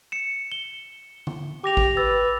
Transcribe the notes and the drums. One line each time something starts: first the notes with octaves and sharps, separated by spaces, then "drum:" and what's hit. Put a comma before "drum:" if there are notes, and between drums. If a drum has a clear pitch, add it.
C#7 E7
G7
drum: tom D3
G4 D6 A#6 F7
drum: kick G#1
B4 E6 A6